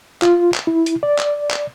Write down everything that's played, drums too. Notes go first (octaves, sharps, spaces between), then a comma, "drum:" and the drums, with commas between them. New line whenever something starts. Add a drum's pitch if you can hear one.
F4, drum: clap
drum: clap
E4
drum: hi-hat
D5
drum: clap
drum: clap